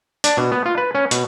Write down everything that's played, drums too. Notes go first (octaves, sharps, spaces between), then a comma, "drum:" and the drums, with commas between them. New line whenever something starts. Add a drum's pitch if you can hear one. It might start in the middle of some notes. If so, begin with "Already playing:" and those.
D4, drum: hi-hat
B2
B3
F4
B4
C#4
B2, drum: hi-hat